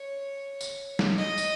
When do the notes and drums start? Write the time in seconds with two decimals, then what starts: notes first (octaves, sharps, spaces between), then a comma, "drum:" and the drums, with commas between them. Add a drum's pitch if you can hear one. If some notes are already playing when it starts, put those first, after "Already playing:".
Already playing: C#5
0.61 drum: tambourine
0.99 drum: snare
1.18 D#5
1.38 drum: tambourine